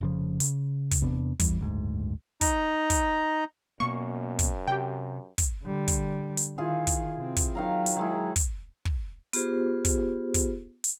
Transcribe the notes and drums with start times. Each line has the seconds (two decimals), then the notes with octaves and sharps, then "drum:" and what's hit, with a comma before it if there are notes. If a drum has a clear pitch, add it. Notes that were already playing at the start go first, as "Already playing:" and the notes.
0.01 F1 C#3 F3
0.40 C#3, drum: hi-hat
0.91 drum: kick, hi-hat
1.01 E2 C3 B3 D4
1.40 E2 E3 G3, drum: kick, hi-hat
1.59 F#1 D2 G#2
2.41 D#4 A#5, drum: kick, hi-hat
2.90 drum: kick, hi-hat
3.80 F#2 B2 A#3 C#6
4.39 drum: kick, hi-hat
4.67 C3 G4 G5
5.38 drum: kick, hi-hat
5.63 D3 G3
5.88 drum: kick, hi-hat
6.37 drum: hi-hat
6.58 D#3 E4 F4 G#4
6.87 drum: kick, hi-hat
7.16 C3 C4
7.36 drum: kick, hi-hat
7.55 D#3 F#3 F5 A#5
7.86 drum: hi-hat
7.97 D#3 G#3 E4
8.36 drum: kick, hi-hat
8.85 drum: kick
9.33 B3 F4 G4 G#4 C5, drum: hi-hat
9.85 drum: kick, hi-hat
10.34 drum: kick, hi-hat
10.84 drum: hi-hat